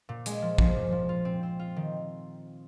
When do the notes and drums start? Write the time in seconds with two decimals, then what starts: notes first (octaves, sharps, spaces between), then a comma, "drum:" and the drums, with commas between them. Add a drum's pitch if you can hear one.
0.09 A#2
0.26 G#3, drum: hi-hat
0.42 F3
0.58 F3, drum: kick
0.76 A#2
0.92 F3
1.09 F4
1.25 C4
1.43 C4
1.59 F4
1.76 D#3